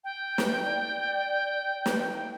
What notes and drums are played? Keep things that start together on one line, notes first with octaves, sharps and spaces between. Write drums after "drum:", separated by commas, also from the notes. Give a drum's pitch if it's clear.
G5
drum: snare
D5
drum: snare